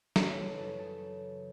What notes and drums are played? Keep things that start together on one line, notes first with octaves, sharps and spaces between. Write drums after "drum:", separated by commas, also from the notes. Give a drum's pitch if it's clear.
C#3 A4, drum: snare
A4
E3 B4
B4
F#2 A4
G#4
C#3 A4